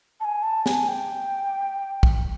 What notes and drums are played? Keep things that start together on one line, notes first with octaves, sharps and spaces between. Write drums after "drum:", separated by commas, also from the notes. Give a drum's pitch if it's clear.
A5
G#5
A5
G#5, drum: snare
G5
drum: kick